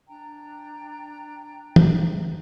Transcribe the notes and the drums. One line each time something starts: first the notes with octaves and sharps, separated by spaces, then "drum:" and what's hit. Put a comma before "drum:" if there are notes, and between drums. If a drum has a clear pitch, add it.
D4 G5 A#5
drum: tom